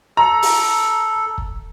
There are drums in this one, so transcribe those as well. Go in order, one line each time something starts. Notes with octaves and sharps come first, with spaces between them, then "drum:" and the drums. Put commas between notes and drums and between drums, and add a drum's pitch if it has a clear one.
A4 A#5
drum: open hi-hat
drum: kick